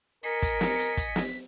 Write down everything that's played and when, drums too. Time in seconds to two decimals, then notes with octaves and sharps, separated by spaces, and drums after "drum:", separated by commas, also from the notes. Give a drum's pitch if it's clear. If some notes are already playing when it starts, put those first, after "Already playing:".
0.24 A#4 D#5 G#5 B6 C#7
0.42 drum: kick, hi-hat
0.61 drum: snare
0.79 drum: hi-hat
0.97 drum: kick, hi-hat
1.16 drum: snare